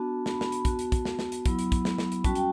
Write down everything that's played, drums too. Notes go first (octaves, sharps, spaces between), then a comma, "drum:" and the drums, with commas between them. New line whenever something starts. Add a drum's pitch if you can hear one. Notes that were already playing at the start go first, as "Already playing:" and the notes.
Already playing: B3 D4 F#4 A5
B5, drum: snare
B5, drum: snare
drum: hi-hat
B3 F#4 A5, drum: kick, hi-hat
drum: hi-hat
drum: kick, hi-hat
drum: snare
drum: snare
drum: hi-hat
F#3 B3 E4 B5, drum: kick, hi-hat
drum: hi-hat
drum: kick, hi-hat
drum: snare
drum: snare
drum: hi-hat
G3 C#4 F#4 A5, drum: kick, hi-hat
G5, drum: hi-hat